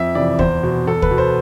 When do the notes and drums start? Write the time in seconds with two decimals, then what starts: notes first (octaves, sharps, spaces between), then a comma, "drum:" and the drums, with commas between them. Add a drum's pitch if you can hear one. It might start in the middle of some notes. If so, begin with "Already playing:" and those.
Already playing: F2 E5
0.15 C3 E3 D5
0.39 E2 C5, drum: kick D2
0.63 B2
0.87 E2 A4
1.02 B4, drum: kick D2
1.11 B2
1.18 C5